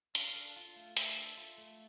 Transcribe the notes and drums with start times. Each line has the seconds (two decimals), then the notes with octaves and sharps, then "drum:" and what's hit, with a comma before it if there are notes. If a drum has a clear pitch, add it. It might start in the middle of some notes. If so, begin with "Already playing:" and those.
0.15 D4 F5, drum: hi-hat
0.36 A4
0.56 F4
0.76 A3
0.97 D4 E5, drum: hi-hat
1.17 A4
1.37 F4
1.58 A3